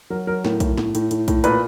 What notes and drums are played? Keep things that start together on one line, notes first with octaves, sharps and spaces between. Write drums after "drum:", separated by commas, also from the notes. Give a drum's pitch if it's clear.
F#3 A#4
F#3 A#4
A2 A#4, drum: snare
A2, drum: kick, hi-hat
A2, drum: snare
A2, drum: hi-hat
A2, drum: hi-hat
A2, drum: kick, hi-hat
A#2 B4, drum: hi-hat